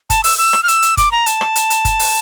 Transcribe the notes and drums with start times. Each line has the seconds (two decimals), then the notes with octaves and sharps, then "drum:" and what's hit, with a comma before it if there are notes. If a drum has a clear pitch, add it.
0.10 A5, drum: kick F#1, hi-hat
0.24 E6, drum: open hi-hat
0.38 E6
0.53 drum: rim click
0.63 F6
0.68 E6, drum: hi-hat
0.82 drum: hi-hat
0.97 D6, drum: kick F#1, hi-hat
1.12 A#5
1.26 A5, drum: hi-hat
1.41 drum: rim click
1.56 drum: hi-hat
1.70 drum: hi-hat
1.85 drum: kick F#1, hi-hat
1.99 drum: open hi-hat